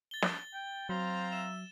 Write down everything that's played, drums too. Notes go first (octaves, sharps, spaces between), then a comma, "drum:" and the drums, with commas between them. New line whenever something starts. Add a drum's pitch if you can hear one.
A6 G7
drum: snare
G5
F#3 C4 C5 F5 A#5
E5 E7